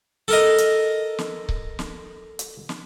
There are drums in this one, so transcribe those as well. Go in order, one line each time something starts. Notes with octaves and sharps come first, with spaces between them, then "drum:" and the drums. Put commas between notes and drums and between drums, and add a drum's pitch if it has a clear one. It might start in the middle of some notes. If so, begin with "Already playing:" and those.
A4 A#4 D#5
drum: hi-hat
drum: snare
drum: kick C#1
drum: snare
drum: hi-hat
drum: snare